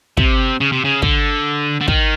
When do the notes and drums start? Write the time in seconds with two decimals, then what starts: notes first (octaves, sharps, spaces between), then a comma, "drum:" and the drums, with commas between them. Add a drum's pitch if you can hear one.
0.17 C3, drum: kick
0.60 C#3
0.72 C3
0.84 C#3
1.02 D3, drum: kick
1.81 D3
1.88 D#3, drum: kick